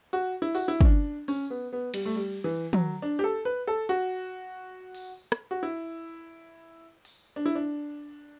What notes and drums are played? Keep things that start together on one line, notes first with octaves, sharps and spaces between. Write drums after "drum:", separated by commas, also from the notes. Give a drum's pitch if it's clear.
F#4
E4
F#4, drum: open hi-hat
E4
C#4, drum: kick
D4
C#4, drum: open hi-hat
B3
B3
G3, drum: cymbal
A3
G3
E3
F#3, drum: tom
D4
G4
A4
B4
A4
F#4
drum: open hi-hat
drum: rim click
F#4
E4
drum: open hi-hat
D4
E4
D4